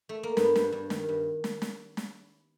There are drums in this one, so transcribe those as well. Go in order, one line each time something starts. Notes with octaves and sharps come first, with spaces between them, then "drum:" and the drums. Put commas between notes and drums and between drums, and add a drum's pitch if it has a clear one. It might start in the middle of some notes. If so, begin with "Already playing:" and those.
A3
A#3
G2 B3, drum: snare
G2, drum: snare
G2
D#3, drum: snare
G2
drum: snare
drum: snare
drum: snare